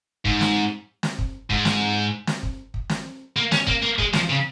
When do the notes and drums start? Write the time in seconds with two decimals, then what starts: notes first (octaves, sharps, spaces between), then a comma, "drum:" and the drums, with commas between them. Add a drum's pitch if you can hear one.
0.25 G#2, drum: kick
0.41 drum: snare
1.03 drum: snare
1.19 drum: kick
1.50 G#2, drum: kick
1.65 drum: snare
2.27 drum: snare
2.43 drum: kick
2.74 drum: kick
2.90 drum: snare
3.36 A#3
3.52 C#4, drum: snare
3.67 A#3, drum: kick
3.83 A#3
3.99 G#3, drum: kick
4.13 F3, drum: snare
4.30 C#3